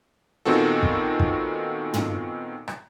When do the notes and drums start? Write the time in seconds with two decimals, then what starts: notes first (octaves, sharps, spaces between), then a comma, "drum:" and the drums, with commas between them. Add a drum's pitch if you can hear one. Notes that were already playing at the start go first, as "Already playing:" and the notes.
0.45 A#2 D#3 B3 C4 F#4 A4
0.82 drum: kick
1.20 drum: kick
1.94 drum: tom
2.68 drum: rim click